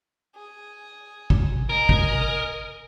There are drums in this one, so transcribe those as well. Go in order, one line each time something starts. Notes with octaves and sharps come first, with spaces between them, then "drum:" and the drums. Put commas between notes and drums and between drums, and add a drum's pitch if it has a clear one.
G#4
drum: kick
A#4 D#5 G#5
drum: kick